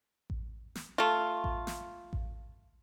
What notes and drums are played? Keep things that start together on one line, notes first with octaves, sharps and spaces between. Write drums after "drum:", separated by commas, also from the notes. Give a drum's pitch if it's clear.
drum: kick A1
drum: snare
A3 F4
drum: kick A1
drum: snare
drum: kick A1